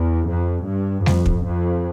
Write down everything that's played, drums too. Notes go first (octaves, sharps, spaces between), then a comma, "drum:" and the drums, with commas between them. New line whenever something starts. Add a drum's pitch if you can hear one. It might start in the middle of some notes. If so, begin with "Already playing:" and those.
Already playing: E2
F2
G2
F2, drum: snare G3
drum: kick
F2